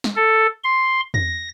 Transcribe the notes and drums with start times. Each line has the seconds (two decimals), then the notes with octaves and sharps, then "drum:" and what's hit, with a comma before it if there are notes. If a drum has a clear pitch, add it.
0.04 drum: snare
0.16 A4
0.64 C6
1.14 A#6, drum: tom E2